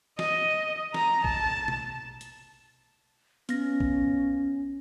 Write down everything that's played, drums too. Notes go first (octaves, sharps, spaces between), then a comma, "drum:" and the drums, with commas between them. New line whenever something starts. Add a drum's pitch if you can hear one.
D#5, drum: snare
A#5, drum: snare
A5, drum: kick A#1
drum: tom B2
drum: hi-hat
B3 C#4 A#6, drum: hi-hat
drum: kick A#1